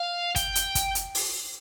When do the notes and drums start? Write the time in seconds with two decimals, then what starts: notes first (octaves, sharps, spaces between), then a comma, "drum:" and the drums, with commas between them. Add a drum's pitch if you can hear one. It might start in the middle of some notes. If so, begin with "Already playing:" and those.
Already playing: F5
0.36 G5, drum: kick, hi-hat
0.55 drum: hi-hat
0.75 drum: kick, hi-hat
0.95 drum: hi-hat
1.15 drum: open hi-hat